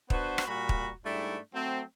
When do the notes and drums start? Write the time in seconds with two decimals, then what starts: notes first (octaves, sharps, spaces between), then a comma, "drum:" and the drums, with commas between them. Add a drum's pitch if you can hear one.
0.10 B3 D4 F#4 B4 C5, drum: kick
0.38 drum: rim click
0.47 A#2 G3 F#4 A#5 B5
0.69 drum: kick
1.04 G#2 G3 A3 D4 E4
1.54 F#3 A3 C4